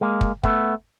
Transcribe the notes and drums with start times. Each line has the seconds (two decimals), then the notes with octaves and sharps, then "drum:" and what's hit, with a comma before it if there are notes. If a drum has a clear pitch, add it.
0.01 G#3 A#3
0.21 drum: kick
0.43 A3 B3, drum: kick